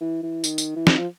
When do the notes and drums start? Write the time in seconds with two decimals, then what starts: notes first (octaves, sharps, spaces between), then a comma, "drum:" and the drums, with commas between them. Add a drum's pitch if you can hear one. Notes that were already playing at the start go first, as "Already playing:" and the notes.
0.01 E3
0.23 E3
0.44 D#3, drum: tambourine
0.58 drum: tambourine
0.76 E3
0.87 D#3, drum: snare
0.98 F3